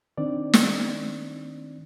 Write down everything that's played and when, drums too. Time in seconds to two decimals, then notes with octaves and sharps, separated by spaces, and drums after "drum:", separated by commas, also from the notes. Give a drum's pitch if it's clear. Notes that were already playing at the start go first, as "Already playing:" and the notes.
0.18 D#3 C4 D4 D5
0.54 drum: snare